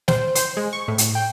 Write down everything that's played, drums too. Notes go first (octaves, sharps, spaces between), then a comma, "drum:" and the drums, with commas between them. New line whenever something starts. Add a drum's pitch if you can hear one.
C5, drum: snare
C5, drum: hi-hat
G#3
C#6
A2
drum: hi-hat
G5